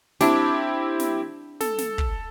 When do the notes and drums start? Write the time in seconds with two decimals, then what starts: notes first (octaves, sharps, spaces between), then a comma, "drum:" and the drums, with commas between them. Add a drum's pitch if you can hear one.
0.21 C4 D4 E4 G4, drum: snare
0.99 drum: snare
1.61 A4, drum: snare
1.78 drum: snare
1.98 drum: kick